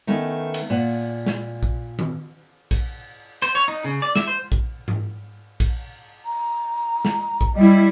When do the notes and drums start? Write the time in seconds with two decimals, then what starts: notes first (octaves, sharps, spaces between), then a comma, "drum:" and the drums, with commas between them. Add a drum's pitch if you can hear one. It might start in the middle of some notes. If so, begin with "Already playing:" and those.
0.07 D#3 A3 B3 C#4
0.54 drum: cymbal
0.70 A#2 F#5
1.26 drum: snare
1.63 drum: kick A#1
1.99 drum: tom D#3
2.71 drum: kick A#1, cymbal
3.42 C5, drum: cymbal
3.55 C#5
3.68 D#4
3.84 C#3
4.02 D5
4.16 E5, drum: snare
4.28 C5
4.52 drum: kick A#1
4.88 drum: tom G#2
5.60 drum: kick A#1, cymbal
6.25 A#5
7.05 drum: snare
7.41 drum: kick A#1
7.55 G3 E4 D#5